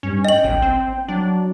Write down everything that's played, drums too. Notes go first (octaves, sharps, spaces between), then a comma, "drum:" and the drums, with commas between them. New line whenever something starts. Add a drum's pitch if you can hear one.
G2 C#4
D#5 G5 F#7
B1, drum: kick G#1
C4
F#3 D4